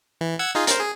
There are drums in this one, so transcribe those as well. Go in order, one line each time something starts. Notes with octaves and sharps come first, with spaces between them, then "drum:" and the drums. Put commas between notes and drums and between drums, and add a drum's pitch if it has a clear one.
E3
F#5 E6 G#6
D#4 F4 G#4
A#4 C5, drum: hi-hat
G#4